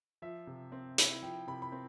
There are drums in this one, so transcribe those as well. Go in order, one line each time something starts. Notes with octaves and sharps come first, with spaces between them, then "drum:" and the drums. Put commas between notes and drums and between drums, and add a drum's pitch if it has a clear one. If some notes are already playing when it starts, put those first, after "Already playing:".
F3 E5
C3
C4
E4, drum: hi-hat
F3 G5
C3 B5
B5
C4